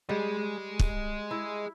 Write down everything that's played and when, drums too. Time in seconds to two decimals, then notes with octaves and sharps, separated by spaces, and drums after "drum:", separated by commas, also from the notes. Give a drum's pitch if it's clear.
0.09 G3 G#4 D#5
0.79 drum: kick
1.31 E4